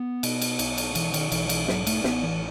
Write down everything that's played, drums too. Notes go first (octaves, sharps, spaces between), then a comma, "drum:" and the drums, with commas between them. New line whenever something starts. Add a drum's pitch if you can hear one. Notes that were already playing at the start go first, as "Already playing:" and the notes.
Already playing: B3
B2, drum: cymbal
drum: cymbal
B1, drum: cymbal
drum: cymbal
B2 E3, drum: cymbal
D#3, drum: cymbal
B1 E3, drum: cymbal
E3, drum: cymbal
G#2 F#3, drum: snare
A3, drum: cymbal
A1 B3, drum: snare
E3